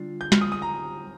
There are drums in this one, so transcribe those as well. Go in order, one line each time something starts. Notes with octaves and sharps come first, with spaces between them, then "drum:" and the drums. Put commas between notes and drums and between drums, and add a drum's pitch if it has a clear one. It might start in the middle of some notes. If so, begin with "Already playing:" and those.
Already playing: D3 G3 D4 F4
G6
F6, drum: snare
D#6
D#6
A#5